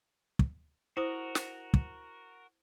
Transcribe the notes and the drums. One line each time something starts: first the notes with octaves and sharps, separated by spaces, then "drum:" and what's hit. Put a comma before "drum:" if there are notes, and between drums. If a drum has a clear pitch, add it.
drum: kick
E4 F#4 A#4 C5 D6 D#6
drum: snare
drum: kick